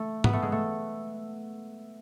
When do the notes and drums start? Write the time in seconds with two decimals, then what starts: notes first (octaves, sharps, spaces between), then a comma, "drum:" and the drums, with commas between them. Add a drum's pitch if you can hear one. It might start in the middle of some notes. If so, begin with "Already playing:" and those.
Already playing: A3
0.24 B3, drum: tom
0.33 A3
0.42 G#3
0.52 A3